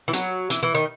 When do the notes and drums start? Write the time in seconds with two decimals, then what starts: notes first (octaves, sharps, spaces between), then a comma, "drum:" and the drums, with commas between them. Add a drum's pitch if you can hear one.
0.08 E3
0.13 F#3, drum: hi-hat
0.50 E3, drum: hi-hat
0.63 E3
0.75 D#3